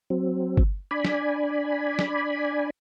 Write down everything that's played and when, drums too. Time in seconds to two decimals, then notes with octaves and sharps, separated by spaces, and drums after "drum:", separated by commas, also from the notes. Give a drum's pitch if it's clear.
0.10 F#3 C4
0.57 drum: kick G1
0.91 D4 D5 G#5 B5
1.05 drum: snare
1.99 drum: snare